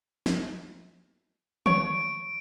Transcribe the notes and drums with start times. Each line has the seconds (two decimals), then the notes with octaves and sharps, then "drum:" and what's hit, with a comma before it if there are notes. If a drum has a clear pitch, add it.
0.26 drum: snare
1.66 C#5 C#6 D7, drum: tom